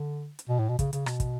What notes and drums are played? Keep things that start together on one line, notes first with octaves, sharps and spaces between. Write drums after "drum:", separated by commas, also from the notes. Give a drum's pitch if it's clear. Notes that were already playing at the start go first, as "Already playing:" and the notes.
Already playing: D3
drum: hi-hat
B2
A2
B2
C#3, drum: kick, hi-hat
C#3, drum: hi-hat
B2, drum: rim click
drum: kick, hi-hat